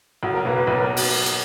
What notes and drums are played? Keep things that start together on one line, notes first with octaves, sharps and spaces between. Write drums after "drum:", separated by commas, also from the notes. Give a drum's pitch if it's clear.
B1 F#4
A#4
B2 A#3 B4
B4
B1 B4
A#4
drum: open hi-hat
drum: hi-hat